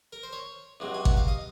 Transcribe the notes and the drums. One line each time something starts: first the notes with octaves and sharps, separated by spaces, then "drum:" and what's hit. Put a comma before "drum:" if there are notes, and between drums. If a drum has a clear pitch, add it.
A#4
C5
C#5
C#2 C3 F#3
G#5
F#5, drum: kick
F5
D#5